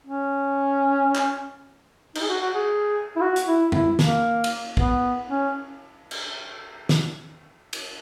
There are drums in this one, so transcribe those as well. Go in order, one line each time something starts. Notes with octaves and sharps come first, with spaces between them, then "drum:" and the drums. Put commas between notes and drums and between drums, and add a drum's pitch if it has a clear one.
C#4
drum: clap
D#4, drum: cymbal
G#4
F#4
F#4
G#4
E4
F#4
drum: hi-hat
E4
E4, drum: tom
A#3, drum: snare
drum: cymbal
B3, drum: kick
C#4
drum: cymbal
drum: snare
drum: cymbal